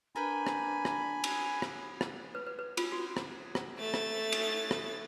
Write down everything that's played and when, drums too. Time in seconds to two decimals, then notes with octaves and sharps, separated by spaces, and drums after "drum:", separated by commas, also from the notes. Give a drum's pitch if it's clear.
0.16 D4 A#4 B4 G5 G#5 B5
0.47 drum: rim click
0.85 drum: rim click
1.24 drum: cymbal
1.62 drum: rim click
2.01 drum: rim click
2.35 B4
2.46 B4
2.59 B4
2.77 F4, drum: cymbal
2.92 F#4
3.17 drum: rim click
3.55 drum: rim click
3.78 A3 A6
3.94 drum: rim click
4.32 drum: cymbal
4.71 drum: rim click